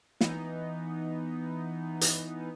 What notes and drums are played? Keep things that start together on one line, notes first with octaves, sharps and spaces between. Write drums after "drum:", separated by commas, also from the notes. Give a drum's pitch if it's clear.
E3 B3 D#4, drum: snare
drum: hi-hat